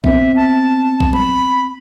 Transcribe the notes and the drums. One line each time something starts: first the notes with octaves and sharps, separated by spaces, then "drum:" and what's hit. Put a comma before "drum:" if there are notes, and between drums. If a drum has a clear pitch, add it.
B3 C4 E5, drum: kick A#1
A5
drum: kick A#1
B5, drum: tom F#3